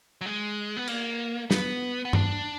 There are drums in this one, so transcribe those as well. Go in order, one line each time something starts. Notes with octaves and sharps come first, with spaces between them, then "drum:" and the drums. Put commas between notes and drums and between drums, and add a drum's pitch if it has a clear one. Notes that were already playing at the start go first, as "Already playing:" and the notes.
F#3
G#3
B3
A#3, drum: cymbal
B3, drum: snare
B3
D4, drum: tom G2